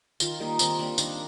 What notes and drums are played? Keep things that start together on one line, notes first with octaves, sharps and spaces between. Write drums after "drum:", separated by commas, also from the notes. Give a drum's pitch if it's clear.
D#3 F4, drum: tambourine
G3 A#3 D#4
D#3 C4, drum: tambourine
G3 A#3 D4
D#3 D4, drum: tambourine